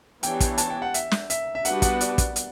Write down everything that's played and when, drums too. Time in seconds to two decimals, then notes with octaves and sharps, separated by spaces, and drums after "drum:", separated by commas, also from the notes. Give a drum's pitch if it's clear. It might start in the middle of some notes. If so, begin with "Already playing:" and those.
0.23 E3 B3 D4 G4 C#5 G5, drum: hi-hat
0.40 drum: kick, hi-hat
0.58 A5, drum: hi-hat
0.70 G5
0.82 F#5
0.94 E5, drum: hi-hat
1.11 drum: snare
1.30 E5, drum: hi-hat
1.55 E5
1.65 G3 B3 D4 F#4 B4 F#5, drum: hi-hat
1.82 F#5, drum: kick, hi-hat
2.01 D5, drum: hi-hat
2.18 drum: kick, hi-hat
2.36 drum: hi-hat